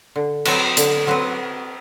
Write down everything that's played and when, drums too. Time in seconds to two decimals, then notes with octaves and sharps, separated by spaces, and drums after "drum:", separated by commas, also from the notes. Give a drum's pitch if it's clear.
0.16 D3
0.45 F#3 C4 F#4 B4, drum: cymbal
0.77 D3, drum: hi-hat
1.07 F#3 C4 F#4 B4